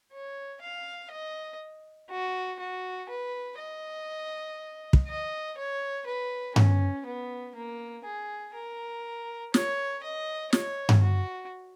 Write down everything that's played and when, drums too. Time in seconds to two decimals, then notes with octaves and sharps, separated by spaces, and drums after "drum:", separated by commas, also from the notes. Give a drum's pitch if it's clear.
0.12 C#5
0.62 F5
1.11 D#5
2.10 F#4
2.59 F#4
3.09 B4
3.59 D#5
4.93 drum: kick
5.08 D#5
5.58 C#5
6.06 B4
6.56 C#4, drum: tom G2
7.06 B3
7.55 A#3
8.04 G#4
8.55 A#4
9.54 C#5, drum: snare
10.03 D#5
10.53 C#5, drum: snare
10.89 drum: tom G2
11.02 F#4